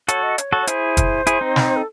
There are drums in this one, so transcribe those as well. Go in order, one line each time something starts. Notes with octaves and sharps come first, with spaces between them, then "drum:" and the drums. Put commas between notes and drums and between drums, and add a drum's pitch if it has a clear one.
F#4 A4 C#5, drum: hi-hat
D#5
C#5, drum: hi-hat
F#4 A4
C#5
E4 G#4 C5, drum: hi-hat
drum: kick, hi-hat
E4 G#4, drum: hi-hat
C4 D#4
drum: snare
A4